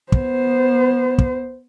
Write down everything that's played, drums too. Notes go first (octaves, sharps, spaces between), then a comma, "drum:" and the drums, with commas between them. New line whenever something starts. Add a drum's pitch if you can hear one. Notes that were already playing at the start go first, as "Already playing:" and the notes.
B3 C5, drum: kick
drum: kick